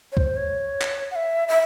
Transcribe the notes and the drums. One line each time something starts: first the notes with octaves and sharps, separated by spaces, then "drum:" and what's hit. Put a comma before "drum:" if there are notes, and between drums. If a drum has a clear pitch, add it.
C#5
C5, drum: kick C#2
C#5
drum: clap
F#5
E5
E5